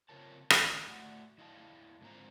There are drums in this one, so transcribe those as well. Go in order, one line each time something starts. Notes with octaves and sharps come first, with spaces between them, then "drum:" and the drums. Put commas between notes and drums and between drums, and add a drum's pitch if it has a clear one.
C#3 C4 F4 A#4 C#5 A5
A2 D3 D#3 A3 D4, drum: rim click
A2 A3 F#4 E5 F#5
E2 E4 D#5 F5 G5 A5
G#2 D3 A#3 C4 F4 A#5